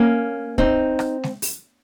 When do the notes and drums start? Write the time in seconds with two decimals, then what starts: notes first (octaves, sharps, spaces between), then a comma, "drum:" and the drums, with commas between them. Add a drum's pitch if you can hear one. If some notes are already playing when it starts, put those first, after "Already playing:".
Already playing: A#3 C#4
0.58 C4 D#4, drum: kick
0.99 drum: rim click
1.24 drum: snare G#3
1.42 drum: open hi-hat